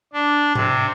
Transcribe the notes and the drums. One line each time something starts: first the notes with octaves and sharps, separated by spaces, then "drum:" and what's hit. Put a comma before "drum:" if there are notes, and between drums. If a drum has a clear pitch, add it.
D4
C3, drum: tom G#2